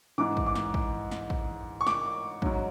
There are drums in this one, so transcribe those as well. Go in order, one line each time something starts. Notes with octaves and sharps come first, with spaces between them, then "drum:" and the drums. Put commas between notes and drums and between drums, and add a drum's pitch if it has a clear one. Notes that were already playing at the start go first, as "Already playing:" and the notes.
G#2 E3 D6
drum: kick
D6
drum: snare
drum: kick
drum: snare
drum: kick
C#6
D6, drum: snare
G#2 F#3, drum: kick